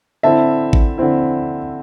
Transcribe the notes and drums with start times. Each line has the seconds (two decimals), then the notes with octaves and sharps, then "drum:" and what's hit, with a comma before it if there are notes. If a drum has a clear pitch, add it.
0.23 D3 C4 E4 E5 A5
0.73 drum: kick G#1
0.98 D3 C4 E4